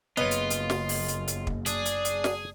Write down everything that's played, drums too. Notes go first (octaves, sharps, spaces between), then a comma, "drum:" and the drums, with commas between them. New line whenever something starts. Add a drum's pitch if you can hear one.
F#1 B3 F4 B4 C#5 D#5
drum: hi-hat
drum: hi-hat
drum: snare
drum: open hi-hat
drum: hi-hat
drum: hi-hat
drum: kick
D4 G#4, drum: hi-hat
drum: hi-hat
drum: hi-hat
drum: snare